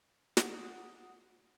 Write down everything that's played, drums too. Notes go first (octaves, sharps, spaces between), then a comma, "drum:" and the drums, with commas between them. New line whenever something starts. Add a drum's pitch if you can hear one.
F#5 D#6, drum: snare